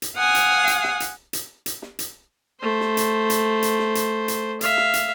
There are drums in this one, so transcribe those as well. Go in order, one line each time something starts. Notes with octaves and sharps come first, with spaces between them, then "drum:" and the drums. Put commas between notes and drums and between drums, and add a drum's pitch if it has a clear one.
drum: hi-hat
F5 F#5 G#5 D#6
drum: hi-hat
drum: hi-hat
drum: snare
drum: hi-hat
drum: hi-hat
drum: hi-hat
drum: snare
drum: hi-hat
A3 C5
drum: snare
drum: hi-hat
drum: hi-hat
drum: hi-hat
drum: snare
drum: hi-hat
drum: hi-hat
E5 F5, drum: hi-hat
drum: snare
drum: hi-hat